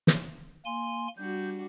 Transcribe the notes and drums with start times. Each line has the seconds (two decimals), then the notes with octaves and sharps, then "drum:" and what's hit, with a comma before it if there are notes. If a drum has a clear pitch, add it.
0.07 drum: snare
0.65 A#3 G#5 C6
1.17 G3 D4 F#4 G6